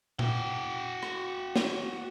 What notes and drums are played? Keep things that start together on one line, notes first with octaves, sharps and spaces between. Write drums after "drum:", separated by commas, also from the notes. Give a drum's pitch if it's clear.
F#4 G5, drum: tom A#2
drum: rim click
drum: snare